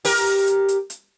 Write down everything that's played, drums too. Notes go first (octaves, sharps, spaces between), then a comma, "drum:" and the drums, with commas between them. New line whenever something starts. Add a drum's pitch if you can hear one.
G4 A#4, drum: open hi-hat
drum: hi-hat
drum: hi-hat
drum: hi-hat